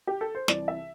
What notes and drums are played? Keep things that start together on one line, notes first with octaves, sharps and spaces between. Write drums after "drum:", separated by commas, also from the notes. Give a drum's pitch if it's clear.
G4
A4
C5
C2 C3 E3 D5, drum: snare
E5